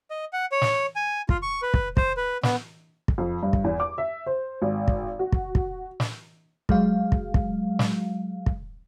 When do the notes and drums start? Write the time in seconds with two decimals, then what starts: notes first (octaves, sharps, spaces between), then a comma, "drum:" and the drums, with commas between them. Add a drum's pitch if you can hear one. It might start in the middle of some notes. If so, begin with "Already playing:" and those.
0.11 D#5
0.33 F#5
0.52 C#5
0.62 drum: snare
0.96 G#5
1.29 F4, drum: kick
1.42 C#6
1.62 B4
1.74 drum: kick
1.97 C5, drum: kick
2.17 B4
2.43 B3, drum: snare
3.08 drum: kick
3.18 F2
3.43 G2
3.53 drum: kick
3.64 E2
3.80 D6
3.98 E5
4.27 C5
4.62 G#1
4.88 drum: kick
5.19 F#4
5.32 drum: kick
5.55 drum: kick
6.00 drum: snare
6.69 F#3 G#3 F5, drum: kick
7.12 drum: kick
7.34 drum: kick
7.79 drum: snare
8.46 drum: kick